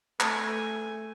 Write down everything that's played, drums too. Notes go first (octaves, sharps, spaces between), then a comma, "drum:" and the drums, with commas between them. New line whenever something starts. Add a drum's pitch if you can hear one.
A3 G#5, drum: clap